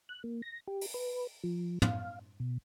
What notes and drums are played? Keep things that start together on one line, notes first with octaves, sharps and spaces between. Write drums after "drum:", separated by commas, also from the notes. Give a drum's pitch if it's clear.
F#6
A#3
A#6
G4
drum: open hi-hat
B4
F3
F5, drum: tom
B2